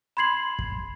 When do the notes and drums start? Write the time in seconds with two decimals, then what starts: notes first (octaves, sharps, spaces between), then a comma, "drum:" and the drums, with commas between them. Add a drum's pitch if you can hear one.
0.17 B5 C6 G#6 C7 F#7
0.59 drum: kick